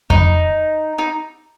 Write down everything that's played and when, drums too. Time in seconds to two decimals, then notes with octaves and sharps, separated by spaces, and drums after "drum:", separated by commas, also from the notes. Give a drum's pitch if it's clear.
0.10 D#4, drum: kick F2
0.98 D#4